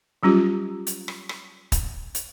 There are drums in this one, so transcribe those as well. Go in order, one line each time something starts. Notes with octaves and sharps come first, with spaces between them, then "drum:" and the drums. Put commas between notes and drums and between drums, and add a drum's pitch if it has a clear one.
F#3 G3 C#4 F4 G4
drum: hi-hat
drum: rim click
drum: rim click
drum: kick, hi-hat
drum: hi-hat